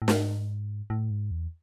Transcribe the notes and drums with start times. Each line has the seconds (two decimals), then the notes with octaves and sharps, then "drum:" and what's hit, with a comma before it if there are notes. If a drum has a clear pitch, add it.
0.02 A2
0.08 G#2, drum: snare
0.90 A2
1.10 G#2
1.31 E2